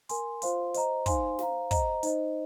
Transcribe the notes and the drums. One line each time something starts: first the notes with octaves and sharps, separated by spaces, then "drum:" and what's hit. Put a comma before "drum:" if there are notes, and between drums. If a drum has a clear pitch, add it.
A#4 G#5 C6, drum: hi-hat
F4 C5 F5 C6, drum: hi-hat
C5 D#5 A#5, drum: hi-hat
D#4 C5 F5 G#5 C6, drum: kick, hi-hat
C5 F5 A#5, drum: snare
C5 D#5 A#5, drum: kick, hi-hat
D#4 C5 D#5, drum: hi-hat